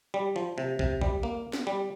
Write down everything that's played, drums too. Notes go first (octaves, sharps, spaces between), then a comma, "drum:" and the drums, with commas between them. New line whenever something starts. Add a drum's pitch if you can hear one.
G3
F3
C3
C3, drum: kick
G3, drum: kick
A#3
drum: snare
G3